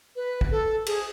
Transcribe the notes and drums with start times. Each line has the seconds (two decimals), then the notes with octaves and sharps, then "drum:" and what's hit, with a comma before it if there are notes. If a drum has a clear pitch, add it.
0.16 B4
0.41 drum: kick
0.51 A4
0.86 G#4, drum: cymbal